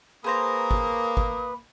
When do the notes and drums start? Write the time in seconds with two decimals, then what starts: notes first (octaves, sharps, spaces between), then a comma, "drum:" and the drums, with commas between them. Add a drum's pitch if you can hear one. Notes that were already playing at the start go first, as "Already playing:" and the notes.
0.24 A#3 G#4 B4 C5 A#5 D#6
0.71 drum: kick G#1
1.17 drum: kick G#1